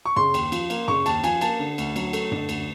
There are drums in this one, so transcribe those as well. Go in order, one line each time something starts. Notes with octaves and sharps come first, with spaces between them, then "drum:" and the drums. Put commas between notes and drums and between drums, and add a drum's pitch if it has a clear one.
C#6
C#3 C6, drum: tom F#2
D#2, drum: cymbal
F3, drum: cymbal
A#3, drum: cymbal
C#3 C#6, drum: tom F#2
D#2 A5, drum: cymbal
F3 G#5, drum: cymbal
A#3 A5, drum: cymbal
D3
D2, drum: cymbal
F#3, drum: cymbal
A3, drum: cymbal
D3, drum: tom F#2
D2, drum: cymbal